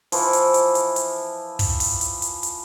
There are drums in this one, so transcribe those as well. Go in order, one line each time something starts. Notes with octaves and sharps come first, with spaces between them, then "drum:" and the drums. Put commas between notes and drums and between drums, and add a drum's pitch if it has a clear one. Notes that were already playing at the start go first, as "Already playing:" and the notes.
E3 F3, drum: open hi-hat
drum: hi-hat
drum: hi-hat
drum: hi-hat
drum: hi-hat
drum: kick, open hi-hat
drum: open hi-hat
drum: hi-hat
drum: hi-hat
drum: hi-hat